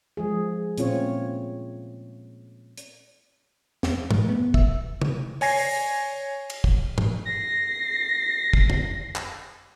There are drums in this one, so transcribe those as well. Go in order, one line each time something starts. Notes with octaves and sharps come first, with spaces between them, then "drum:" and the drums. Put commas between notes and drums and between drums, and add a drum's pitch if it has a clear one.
F3 G#3 G#4
A#2 A3 C4 C#4 F4 C#5, drum: hi-hat
drum: hi-hat
F2, drum: snare
A3, drum: tom
B3
E5, drum: kick
drum: tom
C#5 G#5 A#6 C7, drum: open hi-hat
drum: open hi-hat
drum: cymbal
drum: kick
drum: tom
A#6 C7
drum: kick
drum: tom F2
drum: clap